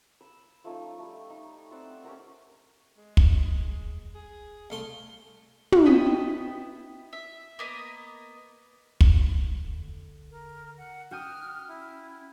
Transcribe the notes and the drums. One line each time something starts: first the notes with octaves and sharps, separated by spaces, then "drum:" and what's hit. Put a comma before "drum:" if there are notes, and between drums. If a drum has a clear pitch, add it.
B5 E6
F3 A3 C#4 D#4
G3 A3
D#4
C4 D5 E5 F#5
C#4 G4 A#4 F#5
G#3
drum: kick
G#4
C2 A3 F5 C6
drum: tom
B3 E4 D#5 G5
E5
A#3 B3 D#5
drum: kick
D3
A#4
F#5
C#4 F#4 G5 D#6 F6
E4